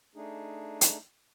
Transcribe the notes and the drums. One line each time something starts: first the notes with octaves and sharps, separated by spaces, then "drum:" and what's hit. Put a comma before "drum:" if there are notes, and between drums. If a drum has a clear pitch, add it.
A3 D4 D#4 G#4
drum: hi-hat